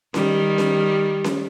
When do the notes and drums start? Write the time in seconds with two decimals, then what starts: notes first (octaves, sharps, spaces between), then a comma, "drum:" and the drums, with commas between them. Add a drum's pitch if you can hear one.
0.14 D#3 G3, drum: snare C#4
0.58 drum: snare C#4
1.24 drum: snare C#4